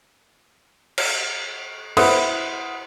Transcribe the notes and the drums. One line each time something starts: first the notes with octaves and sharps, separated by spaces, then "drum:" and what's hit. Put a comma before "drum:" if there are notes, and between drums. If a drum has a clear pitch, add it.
drum: cymbal
E4 B4 C5 F#5 B5 D#6, drum: cymbal